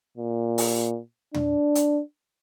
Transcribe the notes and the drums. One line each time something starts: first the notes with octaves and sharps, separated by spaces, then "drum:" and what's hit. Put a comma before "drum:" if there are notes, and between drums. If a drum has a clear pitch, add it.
A#2
drum: open hi-hat
D4, drum: tom
drum: hi-hat